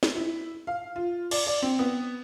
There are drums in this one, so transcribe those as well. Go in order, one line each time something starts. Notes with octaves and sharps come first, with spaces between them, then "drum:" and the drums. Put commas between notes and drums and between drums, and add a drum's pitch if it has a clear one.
drum: snare
E4
F5
F4
D5, drum: cymbal
D5
C4
B3